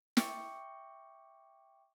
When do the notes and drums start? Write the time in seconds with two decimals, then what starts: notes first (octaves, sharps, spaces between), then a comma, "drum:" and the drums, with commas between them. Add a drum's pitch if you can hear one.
0.17 E5 G5 C#6 D6 C#7, drum: snare